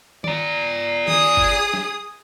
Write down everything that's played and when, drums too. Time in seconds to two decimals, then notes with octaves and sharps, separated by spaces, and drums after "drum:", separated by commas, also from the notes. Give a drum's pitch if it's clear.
0.24 D5 A#5, drum: tom D#3
1.08 G#4 D#6, drum: tom D#3
1.37 drum: kick
1.74 drum: snare